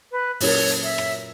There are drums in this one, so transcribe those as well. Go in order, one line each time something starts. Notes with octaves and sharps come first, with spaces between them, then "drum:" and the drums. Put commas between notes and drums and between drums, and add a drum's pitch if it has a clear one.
B4
A#2 F#3 C#4 F#4 A#4 C#5, drum: open hi-hat
drum: hi-hat
E5
drum: rim click